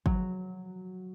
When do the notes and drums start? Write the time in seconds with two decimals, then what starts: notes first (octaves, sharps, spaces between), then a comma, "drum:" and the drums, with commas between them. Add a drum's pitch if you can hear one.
0.06 F#3, drum: kick